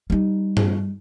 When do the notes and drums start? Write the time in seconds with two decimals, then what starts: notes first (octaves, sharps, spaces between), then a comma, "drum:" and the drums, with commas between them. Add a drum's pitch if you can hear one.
0.10 G3 D#4
0.57 drum: tom G2